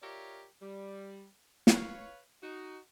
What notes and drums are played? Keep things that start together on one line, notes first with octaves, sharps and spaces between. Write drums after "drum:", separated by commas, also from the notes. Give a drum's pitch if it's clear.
F4 G4 A#4 C#5 D5 E5
G3
B4 C#5 F5, drum: snare
D#4 F#4